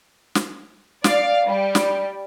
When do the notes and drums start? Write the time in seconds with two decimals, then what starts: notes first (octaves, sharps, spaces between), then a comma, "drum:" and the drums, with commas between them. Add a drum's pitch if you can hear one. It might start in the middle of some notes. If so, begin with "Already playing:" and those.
0.35 drum: snare
1.04 D5 F5, drum: snare
1.46 G3
1.75 drum: snare